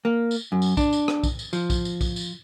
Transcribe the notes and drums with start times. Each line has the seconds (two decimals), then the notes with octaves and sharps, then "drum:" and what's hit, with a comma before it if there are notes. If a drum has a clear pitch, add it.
0.05 A#3
0.31 drum: tambourine
0.52 F#2
0.62 drum: tambourine
0.77 D4, drum: kick B1, tambourine
0.93 drum: tambourine
1.08 drum: rim click
1.24 drum: kick B1, tambourine
1.39 drum: tambourine
1.53 F3, drum: tambourine
1.70 drum: kick B1, tambourine
1.85 drum: tambourine
2.01 drum: kick B1, tambourine
2.16 drum: tambourine